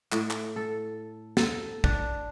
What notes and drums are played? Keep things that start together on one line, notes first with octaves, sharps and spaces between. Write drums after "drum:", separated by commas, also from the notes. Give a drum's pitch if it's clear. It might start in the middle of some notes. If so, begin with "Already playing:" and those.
A2, drum: clap
drum: clap
A4
A4, drum: snare
D4, drum: kick